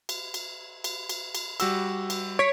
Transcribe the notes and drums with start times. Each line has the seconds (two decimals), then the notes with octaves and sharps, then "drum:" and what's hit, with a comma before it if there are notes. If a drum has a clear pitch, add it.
0.09 drum: cymbal
0.34 drum: cymbal
0.84 drum: cymbal
1.09 drum: cymbal
1.35 drum: cymbal
1.60 G3 F#4 E6, drum: cymbal
2.10 drum: cymbal
2.39 C#5 B6 D7